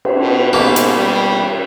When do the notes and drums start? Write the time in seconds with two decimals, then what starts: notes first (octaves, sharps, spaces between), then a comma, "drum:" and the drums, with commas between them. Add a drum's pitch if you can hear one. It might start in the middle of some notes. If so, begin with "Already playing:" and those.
0.05 drum: cymbal
0.21 B2
0.53 G#2 B2 A#3
0.76 drum: hi-hat
0.96 G3